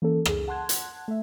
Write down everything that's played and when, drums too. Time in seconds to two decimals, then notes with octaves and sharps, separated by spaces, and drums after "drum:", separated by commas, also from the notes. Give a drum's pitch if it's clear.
0.02 E3 A#3 C#4 A4
0.25 C#2 G#4, drum: rim click
0.48 F#5 A5 C6 F#6 G#6
0.69 drum: hi-hat
1.08 A3 E5